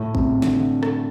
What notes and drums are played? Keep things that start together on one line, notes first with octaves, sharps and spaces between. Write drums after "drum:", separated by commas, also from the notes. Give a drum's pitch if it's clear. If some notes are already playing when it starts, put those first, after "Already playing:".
Already playing: A2
C3, drum: kick
D3, drum: snare
drum: rim click